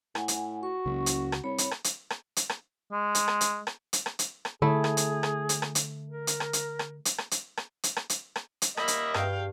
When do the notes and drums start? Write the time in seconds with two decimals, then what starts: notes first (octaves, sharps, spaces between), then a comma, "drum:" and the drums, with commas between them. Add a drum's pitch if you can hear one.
0.15 A2 F#5 G#5, drum: rim click
0.28 drum: hi-hat
0.63 F#4 C#6
0.86 F#1 C#2 C#3
1.06 drum: hi-hat
1.32 drum: rim click
1.44 C2 C#5 B5
1.58 drum: hi-hat
1.71 drum: rim click
1.84 drum: hi-hat
2.10 drum: rim click
2.36 drum: hi-hat
2.49 drum: rim click
2.92 G#3
3.15 drum: hi-hat
3.28 drum: rim click
3.41 drum: hi-hat
3.67 drum: rim click
3.93 drum: hi-hat
4.06 drum: rim click
4.19 drum: hi-hat
4.45 drum: rim click
4.62 D3 A3 E4 G#4
4.84 drum: rim click
4.97 drum: hi-hat
5.23 drum: rim click
5.49 drum: hi-hat
5.62 drum: rim click
5.75 drum: hi-hat
6.09 A#4
6.27 drum: hi-hat
6.40 drum: rim click
6.53 drum: hi-hat
6.79 drum: rim click
7.05 drum: hi-hat
7.18 drum: rim click
7.31 drum: hi-hat
7.57 drum: rim click
7.83 drum: hi-hat
7.96 drum: rim click
8.10 drum: hi-hat
8.36 drum: rim click
8.62 drum: hi-hat
8.77 A#3 D#5 E5 B5, drum: rim click
8.88 drum: hi-hat
9.14 G2 F5 G5, drum: rim click